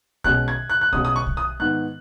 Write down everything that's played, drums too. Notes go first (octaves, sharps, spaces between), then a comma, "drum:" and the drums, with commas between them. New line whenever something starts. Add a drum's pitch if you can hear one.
B2 G#3 C#4 F#6, drum: kick
G#6
F#6
F#6
B2 G#3 C#4 D#6, drum: kick
D#6
C#6
drum: kick
D#6
G#2 D#3 B3 F#6